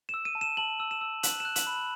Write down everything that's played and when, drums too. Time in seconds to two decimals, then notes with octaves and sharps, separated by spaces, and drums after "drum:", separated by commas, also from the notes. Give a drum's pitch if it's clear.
0.09 E7
0.14 E6
0.25 D#7
0.35 A5
0.41 E7
0.57 A5 F#7
0.80 E6
0.91 E7
1.01 E6
1.23 F#6 F#7, drum: hi-hat
1.40 E7
1.45 F#6
1.56 F#7, drum: hi-hat
1.67 B5